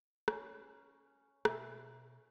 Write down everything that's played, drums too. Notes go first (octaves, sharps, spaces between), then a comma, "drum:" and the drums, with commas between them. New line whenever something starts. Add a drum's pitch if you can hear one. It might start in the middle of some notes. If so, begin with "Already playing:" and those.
C#4, drum: rim click
B2 E5 G#5 D#6, drum: rim click